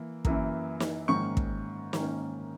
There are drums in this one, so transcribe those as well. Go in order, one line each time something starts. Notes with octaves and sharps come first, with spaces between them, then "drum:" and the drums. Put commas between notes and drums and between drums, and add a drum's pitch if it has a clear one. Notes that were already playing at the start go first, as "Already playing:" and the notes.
Already playing: E3 A#3
F#2 E3 A#3, drum: kick
drum: snare
G#2 D#3 A#3 C#4 C#6
drum: kick
G#2 D#3 A#3 C#4, drum: snare